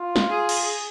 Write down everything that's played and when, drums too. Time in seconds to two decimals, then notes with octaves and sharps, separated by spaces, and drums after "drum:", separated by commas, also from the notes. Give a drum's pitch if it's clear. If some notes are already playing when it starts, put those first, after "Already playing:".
Already playing: F4
0.16 drum: snare
0.29 G#4
0.49 drum: cymbal